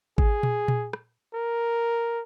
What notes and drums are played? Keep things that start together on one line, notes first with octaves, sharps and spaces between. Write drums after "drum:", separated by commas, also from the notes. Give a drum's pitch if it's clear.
G#4, drum: kick G#1
drum: tom A#2
drum: tom A#2
drum: rim click
A#4